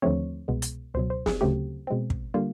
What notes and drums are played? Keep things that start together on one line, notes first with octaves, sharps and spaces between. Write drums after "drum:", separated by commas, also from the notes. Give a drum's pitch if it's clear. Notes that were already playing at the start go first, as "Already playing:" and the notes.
D#2 D3 F3 A3 C4 C#5
C2 B2 G#3 B3
drum: hi-hat
C#2 B2 F#3 C5
C5
G#4, drum: snare
D2 C#3 F#3 A3 C4 G4
B2 G#3 C4
drum: kick
D3 G3 A#3 F4